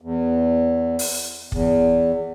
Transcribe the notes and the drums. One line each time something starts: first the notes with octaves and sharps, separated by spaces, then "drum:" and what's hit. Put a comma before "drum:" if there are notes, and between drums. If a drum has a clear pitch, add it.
E2
drum: open hi-hat
E2, drum: kick